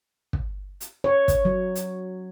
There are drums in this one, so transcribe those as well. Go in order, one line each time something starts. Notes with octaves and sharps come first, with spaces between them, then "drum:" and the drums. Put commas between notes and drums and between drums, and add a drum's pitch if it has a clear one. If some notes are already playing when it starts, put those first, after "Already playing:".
drum: kick
drum: hi-hat
C#5
drum: kick, hi-hat
F#3
drum: hi-hat